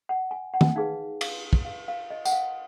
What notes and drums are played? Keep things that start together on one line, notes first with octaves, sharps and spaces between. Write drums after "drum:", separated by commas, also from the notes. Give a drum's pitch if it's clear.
F#5
G#5
F#5
G#5, drum: tom D#3
F#5
D#4 G#4 B4 F5
F5, drum: cymbal
drum: kick
F5
F5
D#5
F#5, drum: tambourine
F5